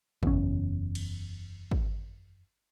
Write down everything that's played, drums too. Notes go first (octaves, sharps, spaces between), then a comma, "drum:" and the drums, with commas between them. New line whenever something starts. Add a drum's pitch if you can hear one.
F#1 E2 C#4, drum: kick
drum: cymbal
drum: kick